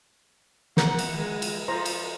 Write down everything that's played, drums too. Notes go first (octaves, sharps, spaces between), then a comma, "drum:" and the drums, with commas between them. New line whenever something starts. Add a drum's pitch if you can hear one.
A#4 F#5, drum: snare
drum: cymbal
G#3
drum: cymbal
F3 A4 C5 A#5
drum: cymbal